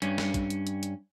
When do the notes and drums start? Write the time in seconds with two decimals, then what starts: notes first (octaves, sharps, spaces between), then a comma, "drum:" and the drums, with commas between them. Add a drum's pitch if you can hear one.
0.02 G2 C#4, drum: hi-hat
0.18 drum: snare
0.34 drum: kick, hi-hat
0.50 drum: hi-hat
0.67 drum: hi-hat
0.83 drum: hi-hat